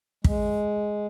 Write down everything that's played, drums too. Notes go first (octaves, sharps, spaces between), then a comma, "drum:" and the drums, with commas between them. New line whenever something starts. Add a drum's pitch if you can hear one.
G#3, drum: kick